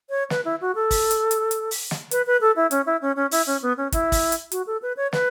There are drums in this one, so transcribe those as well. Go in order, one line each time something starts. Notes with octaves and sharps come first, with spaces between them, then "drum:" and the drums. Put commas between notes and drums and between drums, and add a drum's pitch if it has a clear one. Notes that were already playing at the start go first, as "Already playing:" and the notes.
C#5
B4, drum: snare
E4
F#4
A4
drum: kick, open hi-hat
drum: hi-hat
drum: hi-hat
drum: hi-hat
drum: open hi-hat
drum: snare
B4, drum: hi-hat
B4
A4
E4
C#4, drum: hi-hat
E4
C#4
C#4
E4, drum: open hi-hat
C#4
B3
C#4
E4, drum: kick, hi-hat
drum: kick, open hi-hat
drum: hi-hat
F#4, drum: hi-hat
A4
B4
C#5
B4, drum: snare